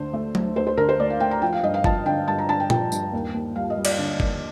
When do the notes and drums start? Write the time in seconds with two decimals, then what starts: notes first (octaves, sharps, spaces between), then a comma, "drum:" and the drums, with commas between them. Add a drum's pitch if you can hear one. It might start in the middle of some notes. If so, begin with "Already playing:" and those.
Already playing: D2 D3 C5
0.14 A3
0.35 D2, drum: tom F#3
0.56 D2 C5
0.67 C5
0.77 D3 A#4
0.89 C5
0.99 D2 D5
1.10 F5
1.20 A3 G5
1.31 A#5
1.42 F3 G5
1.53 F5
1.63 G2 D#5
1.74 F5
1.84 F3 A5, drum: kick G1
2.06 D3 G5
2.28 G2 A5
2.38 A#5
2.49 D3 A5
2.60 G5
2.70 F3 G5, drum: tom A#2
2.92 G2, drum: tambourine
3.13 D#2
3.34 D#2
3.56 G3 F5
3.70 D#5
3.77 G3
3.85 D5, drum: cymbal
3.99 D3
4.20 D#2, drum: kick G1